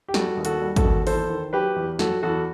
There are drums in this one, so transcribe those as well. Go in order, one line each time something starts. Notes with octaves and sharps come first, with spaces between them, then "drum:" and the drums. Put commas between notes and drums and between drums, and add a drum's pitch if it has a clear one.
G4
G3 F#4 A4, drum: snare
D#2
F#4 A4, drum: hi-hat
G3
F#4 A4, drum: kick, hi-hat
D#2
E2 A4 C5, drum: open hi-hat
D#3
F#3 G4 B4
E2
F#3 F#4 A4, drum: snare
E2 F#4 A4